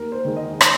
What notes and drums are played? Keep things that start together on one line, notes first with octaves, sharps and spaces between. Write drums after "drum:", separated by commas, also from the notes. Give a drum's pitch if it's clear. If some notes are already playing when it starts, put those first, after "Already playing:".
Already playing: D#2 A#4
C5
D#3 G#3
D#5
drum: rim click